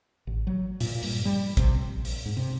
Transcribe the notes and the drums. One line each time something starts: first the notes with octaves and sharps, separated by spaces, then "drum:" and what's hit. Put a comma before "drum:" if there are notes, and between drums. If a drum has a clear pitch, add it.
A1
F#3
A#2, drum: open hi-hat
G2, drum: open hi-hat
G3
C3, drum: kick, hi-hat
A#1
drum: open hi-hat
G#2
C3